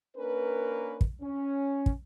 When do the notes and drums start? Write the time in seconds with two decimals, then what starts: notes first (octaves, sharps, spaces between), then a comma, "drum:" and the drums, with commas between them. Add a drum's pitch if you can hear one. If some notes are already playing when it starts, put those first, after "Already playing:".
0.17 A#3 C#4 D4 A#4 B4
1.01 drum: kick
1.22 C#4
1.86 drum: kick